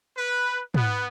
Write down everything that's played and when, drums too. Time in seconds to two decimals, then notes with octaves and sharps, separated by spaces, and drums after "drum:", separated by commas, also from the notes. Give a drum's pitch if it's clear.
0.15 B4
0.74 B3, drum: tom